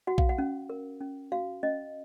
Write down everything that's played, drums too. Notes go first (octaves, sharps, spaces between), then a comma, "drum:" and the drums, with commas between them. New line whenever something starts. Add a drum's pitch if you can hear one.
F#4 F#5
F5, drum: kick A#1
F#5
C#4
A#4
C#4
F#4 F5
C#4 D#5